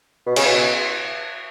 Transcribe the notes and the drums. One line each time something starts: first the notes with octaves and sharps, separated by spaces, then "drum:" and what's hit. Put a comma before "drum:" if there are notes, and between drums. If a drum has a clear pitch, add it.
B2
C#3, drum: cymbal
B2